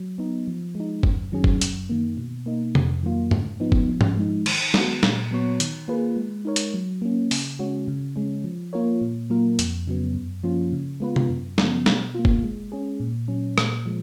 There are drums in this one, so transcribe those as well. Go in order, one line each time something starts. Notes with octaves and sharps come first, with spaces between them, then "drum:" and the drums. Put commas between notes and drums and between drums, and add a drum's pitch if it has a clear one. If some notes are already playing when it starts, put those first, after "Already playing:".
Already playing: F#3
B3 D#4
F3
G#3 D#4
F#2, drum: kick F#1
D#3 F#3 C#4 G#4
drum: kick F#1
F#2, drum: hi-hat
D#3 A#3
B2
A#3 D#4
F2, drum: tom C3
D#3 F#3 A#3 F4
G#2, drum: tom F2
F3 B3 D#4
drum: kick F#1
F3
drum: tom G#2
G#3 D#4
D#3, drum: cymbal
G#3 B3 F#4, drum: snare
A#2, drum: snare
F#3 B3 F#4 C#5
D#3, drum: hi-hat
A#3 F4 G#4 B4
G#3
D#4 A#4 C#5
drum: hi-hat
F#3
A#3 C#4
C#3, drum: open hi-hat
G#3 C#4 F#4
C#3
G#3 C#4
F3
A#3 F4 A#4 C#5
A#2
F#3 A#3 F4 A#4
F2, drum: hi-hat
C#3 F#3 B3
F#2
F3 A#3 C#4 F4
C#3
G#3 B3 F4 B4
drum: tom C3
F#2
C#3 F3 B3, drum: snare
B2, drum: snare
A#3 F4
drum: kick F#1
G#3
C#4 G#4
A#2
F#3 C#4
A#2, drum: rim click
F3 G#3